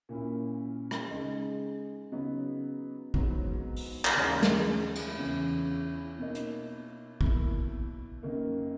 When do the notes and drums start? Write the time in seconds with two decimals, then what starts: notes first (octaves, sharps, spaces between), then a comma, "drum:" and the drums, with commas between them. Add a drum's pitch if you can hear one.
0.09 A#2 A#3 C#4 E4
0.91 drum: rim click
1.11 C#3 G#3 D#4
2.12 C#3 F#3 B3 D#4
3.14 G#2 F#3 B3, drum: kick
3.76 drum: open hi-hat
4.05 drum: clap
4.15 D#2 C#3 E3 G#3
4.43 drum: snare
4.95 drum: cymbal
5.18 E2 C#3 E3
6.19 B2 A#3 D#4
6.35 drum: hi-hat
7.21 B2 A#3 E4, drum: kick
8.23 F#2 D#3 A#3